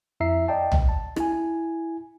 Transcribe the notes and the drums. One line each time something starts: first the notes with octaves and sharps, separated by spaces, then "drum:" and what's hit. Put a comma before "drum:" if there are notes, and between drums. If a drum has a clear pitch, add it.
F2 E4 E5 A#5 C7
D5 D#5 G5 A5
drum: tom B1
A5
E4 G#5, drum: rim click